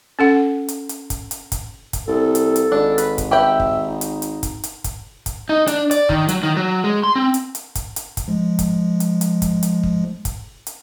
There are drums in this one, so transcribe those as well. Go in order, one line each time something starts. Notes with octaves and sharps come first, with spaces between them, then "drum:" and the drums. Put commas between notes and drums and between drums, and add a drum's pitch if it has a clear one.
C#4 A4 F#5
drum: hi-hat
drum: hi-hat
drum: kick, hi-hat
drum: hi-hat
drum: kick, hi-hat
drum: kick, hi-hat
C2 A4
drum: hi-hat
drum: hi-hat
G#1 D4
B4, drum: hi-hat
drum: kick, hi-hat
G4 B4 E5 G5
drum: kick
D#4
drum: hi-hat
drum: hi-hat
drum: kick, hi-hat
drum: hi-hat
drum: kick, hi-hat
drum: kick, hi-hat
D#4
D4, drum: hi-hat
D5, drum: hi-hat
D#3, drum: kick
F#3, drum: hi-hat
D#3
F#3
G#3
C6
C4
drum: hi-hat
drum: hi-hat
drum: kick, hi-hat
drum: hi-hat
drum: kick, hi-hat
F3 G#3
drum: kick, hi-hat
drum: hi-hat
drum: hi-hat
drum: kick, hi-hat
drum: hi-hat
drum: kick
drum: kick, hi-hat
drum: hi-hat